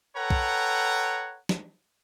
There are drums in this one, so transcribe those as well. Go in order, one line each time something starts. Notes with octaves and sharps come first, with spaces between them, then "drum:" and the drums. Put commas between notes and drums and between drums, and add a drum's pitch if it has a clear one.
A4 B4 C#5 F#5 G5 A#5
drum: kick
drum: snare